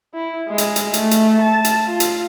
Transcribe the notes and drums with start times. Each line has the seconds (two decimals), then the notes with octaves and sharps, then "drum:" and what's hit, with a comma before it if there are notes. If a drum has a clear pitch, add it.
0.14 E4
0.49 G#3
0.58 drum: hi-hat
0.76 drum: hi-hat
0.94 A3, drum: hi-hat
1.11 drum: hi-hat
1.41 A5
1.64 drum: hi-hat
1.86 F4
2.00 drum: hi-hat